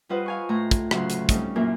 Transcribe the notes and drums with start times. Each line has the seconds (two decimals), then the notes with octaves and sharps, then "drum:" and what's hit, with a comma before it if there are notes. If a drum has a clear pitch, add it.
0.09 G3 F4 B4 C5 D#5 F#5
0.26 F5 G#5 C#6
0.49 A2 A3 A#5 C6
0.71 drum: kick, hi-hat
0.91 D2 C#3 F#3 F#4 F#5 C6, drum: rim click
1.10 drum: hi-hat
1.29 G3 A3 C4 C#4 D#4, drum: kick, hi-hat
1.56 F#2 A#2 A#3 E4 A#4